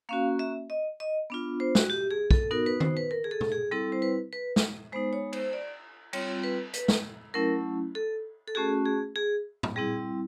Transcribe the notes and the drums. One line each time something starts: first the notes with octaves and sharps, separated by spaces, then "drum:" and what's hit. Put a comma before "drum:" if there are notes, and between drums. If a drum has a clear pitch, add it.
A#3 C#4 F#4 F5
E5
D#5
D#5
B3 D4 F4
C5
F#4, drum: snare
G4
G#4
A4, drum: kick
B3 D#4 F#4 A#4
B4
C5, drum: tom D#3
B4
A#4
G#4
A4
drum: tom B2
G#4
G3 C4 E4 A4
C5
B4
B4
drum: snare
G#3 B3 D#4 C5
C#5
C5, drum: cymbal
D5
G3 C4 F4 C#5, drum: cymbal
B4
B4, drum: hi-hat
drum: snare
F#3 A3 C#4 E4 A#4
A4
A4
A3 C#4 F#4 G#4
G#4
G#4
drum: tom A2
G3 C4 E4 G#4